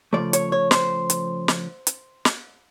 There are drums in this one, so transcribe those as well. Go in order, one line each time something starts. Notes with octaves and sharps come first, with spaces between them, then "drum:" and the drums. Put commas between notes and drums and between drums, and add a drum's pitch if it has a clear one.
C#3 F3 A3 D5
C#5, drum: hi-hat
C#5
C5, drum: snare
drum: hi-hat
drum: snare
drum: hi-hat
drum: snare